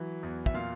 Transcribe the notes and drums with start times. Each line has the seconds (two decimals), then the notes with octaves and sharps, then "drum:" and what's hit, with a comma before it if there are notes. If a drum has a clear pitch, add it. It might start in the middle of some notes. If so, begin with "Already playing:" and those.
Already playing: E3 F#3
0.23 E2
0.46 E5, drum: kick
0.54 A#2 F5